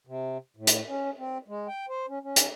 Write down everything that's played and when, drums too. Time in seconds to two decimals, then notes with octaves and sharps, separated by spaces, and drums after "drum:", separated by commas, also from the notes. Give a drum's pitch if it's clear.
0.07 C3
0.57 A2
0.67 drum: hi-hat
0.87 C#4
1.18 C4
1.48 G#3
1.68 G5
1.89 C5
2.08 C#4
2.23 C#4
2.36 drum: hi-hat